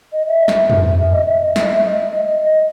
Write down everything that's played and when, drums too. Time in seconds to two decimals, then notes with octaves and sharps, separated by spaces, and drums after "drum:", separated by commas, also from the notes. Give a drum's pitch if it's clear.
0.12 D#5
0.27 E5
0.48 drum: snare
0.70 drum: tom F2
1.12 D#5
1.27 E5
1.41 D#5
1.56 E5, drum: snare
1.70 E5
1.85 D#5
2.43 D#5